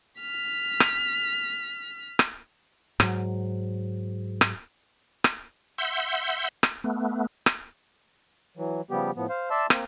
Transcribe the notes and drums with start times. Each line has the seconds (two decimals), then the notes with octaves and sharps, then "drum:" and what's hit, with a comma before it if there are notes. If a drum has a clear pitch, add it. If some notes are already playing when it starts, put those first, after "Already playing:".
0.21 F6 B6
0.80 drum: rim click
2.19 drum: rim click
3.00 G#2 F#3, drum: rim click
4.41 drum: rim click
5.24 drum: rim click
5.78 E5 F#5 C6 E6 G6
6.63 drum: rim click
6.84 A3 B3
7.46 drum: rim click
8.57 E3 F#3
8.91 C#3 F3 G3 B3 G4
9.16 A2 F3 B3
9.29 C5 F5
9.50 D5 E5 A5 C6 E6
9.70 A#3 C4, drum: rim click